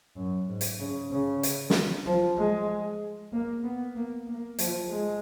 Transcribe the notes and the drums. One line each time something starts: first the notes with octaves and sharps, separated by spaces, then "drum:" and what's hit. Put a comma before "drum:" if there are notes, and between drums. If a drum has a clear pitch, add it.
F#2
G#2
drum: hi-hat
C#3
C#3
drum: hi-hat
drum: snare
F3
G#3
A#3
B3
A#3
A#3
F3, drum: hi-hat
G#3